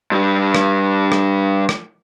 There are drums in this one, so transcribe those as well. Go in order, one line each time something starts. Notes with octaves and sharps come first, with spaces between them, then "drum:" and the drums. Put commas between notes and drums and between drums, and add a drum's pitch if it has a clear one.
G2 G3
drum: rim click
drum: rim click
drum: rim click